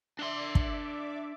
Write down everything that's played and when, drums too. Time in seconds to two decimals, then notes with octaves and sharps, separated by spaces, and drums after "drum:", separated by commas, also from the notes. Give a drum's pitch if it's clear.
0.19 D4 D5 E5 C6 D6
0.55 drum: kick